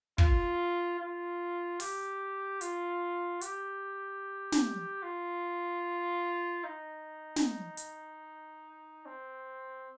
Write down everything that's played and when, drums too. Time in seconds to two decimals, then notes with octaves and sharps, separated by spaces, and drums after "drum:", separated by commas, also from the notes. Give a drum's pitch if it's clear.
0.18 F4, drum: kick
1.00 F4
1.80 G4, drum: open hi-hat
2.61 F4, drum: hi-hat
3.41 G4, drum: hi-hat
4.52 drum: snare
5.02 F4
6.64 D#4
7.36 drum: snare
7.77 drum: hi-hat
9.06 C4